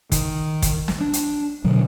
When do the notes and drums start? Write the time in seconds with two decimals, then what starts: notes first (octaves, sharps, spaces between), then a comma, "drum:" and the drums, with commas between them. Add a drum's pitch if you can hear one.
0.12 D#3, drum: kick, hi-hat
0.62 drum: kick, hi-hat
0.88 drum: snare
1.01 D4
1.13 drum: hi-hat
1.64 B2 D3 F#3